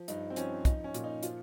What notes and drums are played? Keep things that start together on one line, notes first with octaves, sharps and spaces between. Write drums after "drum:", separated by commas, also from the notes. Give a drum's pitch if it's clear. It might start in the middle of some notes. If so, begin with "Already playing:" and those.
Already playing: F3
G2 D#4, drum: hi-hat
C4
F3 C#4, drum: hi-hat
F3 D#4, drum: kick, hi-hat
C#4
A#2, drum: hi-hat
D#4
F3 F4, drum: hi-hat